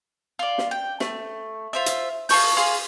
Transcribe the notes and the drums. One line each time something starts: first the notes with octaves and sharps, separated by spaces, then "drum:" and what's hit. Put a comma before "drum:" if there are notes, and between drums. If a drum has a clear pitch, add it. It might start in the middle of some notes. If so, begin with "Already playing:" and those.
F4 D5
drum: snare
G5
A3, drum: snare
F4 C5 E5
drum: hi-hat
F4 A5 C#6 G6, drum: open hi-hat
F4 G#4 F5 C6